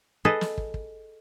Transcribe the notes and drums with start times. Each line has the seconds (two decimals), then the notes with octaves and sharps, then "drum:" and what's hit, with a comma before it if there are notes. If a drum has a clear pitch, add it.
0.25 G#4 A4 B4 D#5
0.41 drum: snare
0.58 drum: kick
0.74 drum: kick